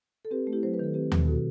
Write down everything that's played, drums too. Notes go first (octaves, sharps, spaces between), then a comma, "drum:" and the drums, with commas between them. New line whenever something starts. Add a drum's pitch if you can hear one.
A4
C4 G4 B4
A3
E4 G4
F#3 C5
B4
D#3 A4
C4 G4 B4
D#3, drum: tom D#2
B2 F#4 A4